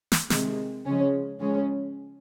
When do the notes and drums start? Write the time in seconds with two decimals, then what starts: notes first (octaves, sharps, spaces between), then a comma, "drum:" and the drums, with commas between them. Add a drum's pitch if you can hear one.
0.12 drum: snare
0.30 C3 D#3 G#3, drum: snare
0.85 C#3 F3 G#3 C#4
1.40 C#3 F3 G#3 C#4